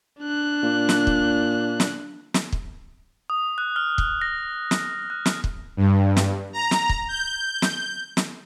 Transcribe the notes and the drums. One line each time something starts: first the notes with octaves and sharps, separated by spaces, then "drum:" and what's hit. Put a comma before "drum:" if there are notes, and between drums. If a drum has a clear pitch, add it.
D4 F#6
A#2
drum: snare
drum: kick
drum: snare
drum: snare
drum: kick
D#6
F#6
F6
drum: kick
A#6
drum: snare
F#6
drum: snare
drum: kick
G2
drum: snare
A#5
drum: snare
drum: kick
G6
drum: snare
drum: snare